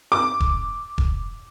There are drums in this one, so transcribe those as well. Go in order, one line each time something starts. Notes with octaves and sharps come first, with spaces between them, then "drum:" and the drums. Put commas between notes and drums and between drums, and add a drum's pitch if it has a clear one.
D6
drum: kick E1
drum: kick E1